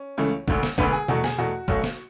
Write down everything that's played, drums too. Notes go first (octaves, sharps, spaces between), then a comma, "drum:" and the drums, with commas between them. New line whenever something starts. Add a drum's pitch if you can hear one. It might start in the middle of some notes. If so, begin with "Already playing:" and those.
Already playing: C#4
C#2 C#3 E3 A3
E1 D2 D3, drum: kick
drum: snare
E1 D2 D3 B3 B4, drum: kick
G#4
E2 B2 A3 F#4, drum: tom B2
G#4, drum: snare
E2 B2 A3 F#4
B1 B2 F#3 A3, drum: kick
drum: snare